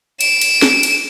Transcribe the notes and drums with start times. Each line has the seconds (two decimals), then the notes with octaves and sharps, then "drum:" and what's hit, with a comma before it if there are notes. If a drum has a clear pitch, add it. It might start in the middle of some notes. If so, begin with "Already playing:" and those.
0.21 D7 E7, drum: cymbal
0.41 drum: cymbal
0.62 drum: snare
0.83 drum: cymbal